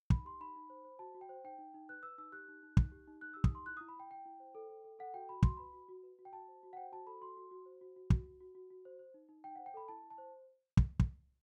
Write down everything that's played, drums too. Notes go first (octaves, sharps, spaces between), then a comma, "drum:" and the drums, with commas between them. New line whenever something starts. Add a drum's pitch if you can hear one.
D#4 B5, drum: kick
G4 C6
D#4 B5
D#4
C5
C5
F#4 A5
F#4
G5
C5
D#4 G5
D#4
D#4
B4 F#6
B4 E6
D#4 E6
G4 F#6
D#4
D#4
D#4, drum: kick
G4
D#4
D#4 F#6
G4 E6
D#6, drum: kick
D#4 C6
E4 F#6
E4 D#6
B5
E4 G5
E4 G5
E4
C5
A4
A4
A4
A4 F#5
F#4 G5
F#4 B5
F#4 C6, drum: kick
B4 B5
F#4
F#4
B4
F#4
G5
F#4 A5
C5
F#4
F#5
C5 G5
F#4 A5
A4 B5
F#4 C6
F#4
F#4
C5
F#4
F#4
F#4, drum: kick
F#4
F#4
F#4
F#4
C5
C5
D#4
D#4
D#4 G5
C5 F#5
G5
A4 B5
E4 A5
E4
A5
C5
drum: kick
drum: kick